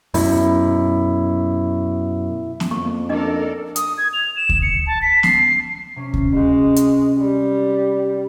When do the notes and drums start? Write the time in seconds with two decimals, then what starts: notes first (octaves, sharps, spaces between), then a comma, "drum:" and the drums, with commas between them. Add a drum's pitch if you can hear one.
0.14 F#2 B2 E4, drum: open hi-hat
2.60 drum: snare B3
2.71 F2 A#3 C#6
3.09 D4 D#4 A4 A#4 D5 D#5
3.76 D#6, drum: hi-hat
3.98 G#6
4.13 F7
4.36 E7
4.49 drum: kick D2
4.63 C#7
4.87 A5
5.02 B6
5.23 C7, drum: snare B3
5.96 C3 C#4
6.14 drum: kick D2
6.34 G#3 F4 F#4 G6
6.76 drum: hi-hat
7.18 G3